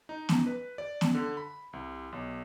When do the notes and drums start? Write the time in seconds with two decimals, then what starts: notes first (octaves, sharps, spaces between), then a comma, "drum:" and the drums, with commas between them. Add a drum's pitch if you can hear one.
0.09 D#4
0.29 drum: snare B3
0.46 B4
0.78 D5
1.01 drum: snare B3
1.15 D3
1.37 B5
1.73 C2
2.12 B1